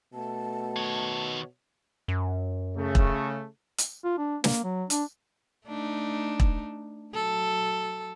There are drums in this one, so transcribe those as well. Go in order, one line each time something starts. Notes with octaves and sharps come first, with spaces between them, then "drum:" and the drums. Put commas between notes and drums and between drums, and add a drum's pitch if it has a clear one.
B2 A3 A5
D#3 C#5
F#2
C#3 A3
drum: kick E1
drum: hi-hat
F4
D4
A#3, drum: snare
F#3
D4, drum: hi-hat
A3 D4 D#4
drum: kick E1
F#3 A4